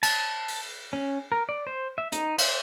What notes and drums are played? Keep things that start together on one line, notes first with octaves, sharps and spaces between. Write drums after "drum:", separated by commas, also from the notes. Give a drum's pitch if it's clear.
A5, drum: cymbal
drum: open hi-hat
C#4
A#4
D5
C5
E5
D#4, drum: hi-hat
C5, drum: cymbal